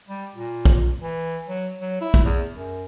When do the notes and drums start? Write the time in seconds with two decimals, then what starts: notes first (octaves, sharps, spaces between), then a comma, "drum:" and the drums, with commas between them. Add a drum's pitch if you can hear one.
0.08 G3
0.36 A#2
0.65 drum: kick
1.03 E3
1.47 F#3
1.79 F#3
2.01 E4
2.14 drum: kick
2.25 E2
2.53 F#2